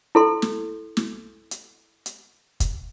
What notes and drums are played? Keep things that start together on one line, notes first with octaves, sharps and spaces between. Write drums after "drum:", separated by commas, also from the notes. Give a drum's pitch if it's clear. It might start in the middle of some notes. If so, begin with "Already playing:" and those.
E4 A4 C6
drum: snare
drum: snare
drum: hi-hat
drum: hi-hat
drum: kick, hi-hat